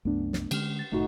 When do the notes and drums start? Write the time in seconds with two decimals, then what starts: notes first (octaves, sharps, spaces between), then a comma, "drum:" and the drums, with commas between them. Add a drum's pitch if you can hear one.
0.05 C2 F#2 A3 B3 D4
0.33 drum: snare
0.51 D3 G#3 C#4 G4 F6, drum: cymbal
0.79 A6
0.92 F#1 A2 A3 D#4 F#4